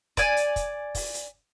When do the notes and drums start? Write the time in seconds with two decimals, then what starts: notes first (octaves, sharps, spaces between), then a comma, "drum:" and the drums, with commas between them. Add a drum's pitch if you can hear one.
0.17 D5 G#5, drum: kick, hi-hat
0.37 drum: hi-hat
0.56 drum: kick, hi-hat
0.95 drum: kick, open hi-hat
1.14 drum: hi-hat